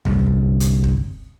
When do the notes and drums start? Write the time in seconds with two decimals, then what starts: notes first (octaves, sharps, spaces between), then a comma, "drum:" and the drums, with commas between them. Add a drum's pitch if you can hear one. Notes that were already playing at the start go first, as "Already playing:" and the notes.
0.05 G1 C2 F#2, drum: tom D#2
0.60 drum: hi-hat
0.84 drum: kick